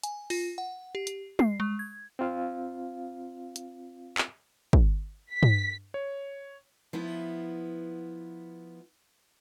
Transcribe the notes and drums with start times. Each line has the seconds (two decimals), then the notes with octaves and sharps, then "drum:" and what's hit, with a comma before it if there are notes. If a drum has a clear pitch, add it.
0.04 G#5, drum: hi-hat
0.30 F4, drum: open hi-hat
0.58 F#5
0.95 G4
1.07 drum: hi-hat
1.39 C7, drum: tom
1.60 G#3
1.79 G#6
2.19 C4 F4 F5
3.56 drum: hi-hat
4.18 drum: clap
4.73 drum: kick
5.32 B6
5.43 drum: tom
5.94 C#5
6.93 F3 B3 E4